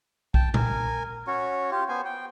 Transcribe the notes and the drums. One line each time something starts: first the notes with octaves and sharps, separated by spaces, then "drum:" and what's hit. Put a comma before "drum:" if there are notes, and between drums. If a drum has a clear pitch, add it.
G5 A5, drum: kick B1
A#4 G#5, drum: tom A#2
C#4 F#4 C#5
F4 G4
B3 C5 G#5
G5